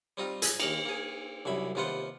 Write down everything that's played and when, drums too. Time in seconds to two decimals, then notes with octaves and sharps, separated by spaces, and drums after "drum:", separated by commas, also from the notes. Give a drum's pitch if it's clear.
0.17 G3 C4 D#4 F4
0.42 G#4, drum: hi-hat
0.60 D#2 A#3 D#4, drum: cymbal
0.85 A#3 G#4
1.45 C2 F#2 E5 B5
1.75 D#2 C3 B3 F4 C5 F#5